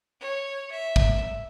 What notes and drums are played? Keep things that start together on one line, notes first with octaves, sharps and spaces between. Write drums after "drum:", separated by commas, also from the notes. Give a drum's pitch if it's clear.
C#5
E5
drum: kick